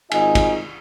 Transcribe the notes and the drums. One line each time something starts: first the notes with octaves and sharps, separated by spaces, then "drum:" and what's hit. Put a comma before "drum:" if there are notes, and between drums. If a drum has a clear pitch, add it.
G#1 D#4 F4 D#5 G#5, drum: cymbal
drum: kick, cymbal